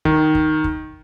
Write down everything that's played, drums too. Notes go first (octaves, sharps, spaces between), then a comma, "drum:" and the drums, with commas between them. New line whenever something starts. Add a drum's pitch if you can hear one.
D#3, drum: kick
drum: kick
drum: kick